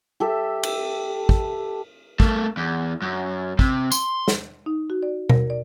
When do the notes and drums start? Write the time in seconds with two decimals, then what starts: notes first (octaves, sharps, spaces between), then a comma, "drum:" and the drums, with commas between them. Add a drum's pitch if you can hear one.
0.20 G4 A4 E5
0.63 drum: cymbal
1.29 drum: kick
2.20 A3 A#3, drum: kick
2.57 E2
3.02 F#2
3.59 C3, drum: kick
3.92 C6, drum: tambourine
4.28 drum: snare
4.66 D#4
4.90 F#4
5.03 D5
5.29 A#4, drum: tom B2
5.50 D5